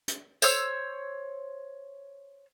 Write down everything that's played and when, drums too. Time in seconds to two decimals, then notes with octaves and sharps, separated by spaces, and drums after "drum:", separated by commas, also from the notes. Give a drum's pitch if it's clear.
0.08 drum: hi-hat
0.42 C5 C#5 E6, drum: tambourine